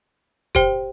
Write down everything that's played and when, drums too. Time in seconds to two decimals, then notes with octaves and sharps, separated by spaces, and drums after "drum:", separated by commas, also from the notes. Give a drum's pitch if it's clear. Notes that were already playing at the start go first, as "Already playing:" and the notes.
0.55 G4 C5 G5, drum: kick